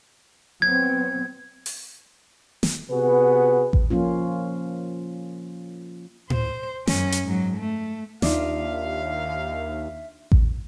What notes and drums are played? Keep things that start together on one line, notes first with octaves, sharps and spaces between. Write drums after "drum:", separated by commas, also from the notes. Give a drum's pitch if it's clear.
F#3 B3 C4 G#6
drum: open hi-hat
drum: snare
C3 B3 F#4 G#4 B4
drum: kick A1
F3 A#3 C#4 F4
C5, drum: tom A2
F#2 C#4, drum: snare
drum: hi-hat
G#2 F#3
A3
D#2 D4 D#4 F4 E5 F5, drum: snare
drum: kick A1